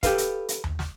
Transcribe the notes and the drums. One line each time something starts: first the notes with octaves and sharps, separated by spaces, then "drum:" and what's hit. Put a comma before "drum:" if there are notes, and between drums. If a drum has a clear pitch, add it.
G4 A4 B4 F5, drum: kick, hi-hat
drum: hi-hat
drum: hi-hat
drum: tom D#2
drum: snare